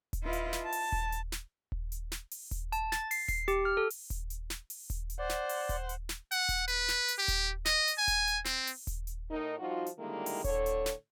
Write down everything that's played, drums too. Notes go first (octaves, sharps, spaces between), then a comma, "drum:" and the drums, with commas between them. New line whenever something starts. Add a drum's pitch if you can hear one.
drum: kick D#1, hi-hat
E4 F4 B4 D#5 F5
drum: hi-hat
drum: snare
A5
drum: open hi-hat
drum: kick D#1
drum: hi-hat
drum: snare
drum: kick D#1
drum: hi-hat
drum: snare
drum: open hi-hat
drum: kick D#1, hi-hat
A5, drum: hi-hat
A6, drum: snare
C7, drum: open hi-hat
C7, drum: kick D#1, hi-hat
G4, drum: hi-hat
F6
A4
drum: open hi-hat
drum: kick D#1, hi-hat
drum: hi-hat
drum: snare
drum: open hi-hat
drum: kick D#1, hi-hat
drum: hi-hat
C5 D5 F#5
drum: snare
drum: open hi-hat
drum: kick D#1, hi-hat
drum: hi-hat
drum: snare
F#5, drum: open hi-hat
drum: kick D#1, hi-hat
B4, drum: hi-hat
drum: snare
drum: open hi-hat
G4
drum: kick D#1, hi-hat
D#5, drum: snare
drum: open hi-hat
G#5
drum: kick D#1, hi-hat
drum: hi-hat
C4, drum: snare
drum: open hi-hat
drum: kick D#1, hi-hat
drum: hi-hat
A2 D#4 A#4
F3 G3 D#4 F4 F#4
drum: hi-hat
D3 D#3 G3 G#3 A#3 E4
drum: open hi-hat
A2 D3 A4 C#5, drum: kick D#1, hi-hat
drum: hi-hat
drum: snare